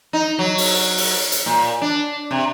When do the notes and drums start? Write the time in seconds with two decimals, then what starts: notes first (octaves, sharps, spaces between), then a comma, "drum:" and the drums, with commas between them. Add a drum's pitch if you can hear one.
0.13 D#4
0.39 F#3
0.58 drum: open hi-hat
0.98 drum: open hi-hat
1.32 drum: hi-hat
1.46 A#2
1.82 D4
2.31 C3